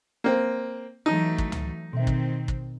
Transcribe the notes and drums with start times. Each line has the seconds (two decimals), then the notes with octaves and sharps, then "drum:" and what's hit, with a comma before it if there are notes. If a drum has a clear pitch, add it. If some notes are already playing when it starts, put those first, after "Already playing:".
0.24 A#3 C4
1.06 E3 F#3 A3 D#4 A5
1.38 drum: kick
1.52 drum: tom C#2
1.93 B2 D#3 C4 E5
2.07 drum: kick
2.48 drum: kick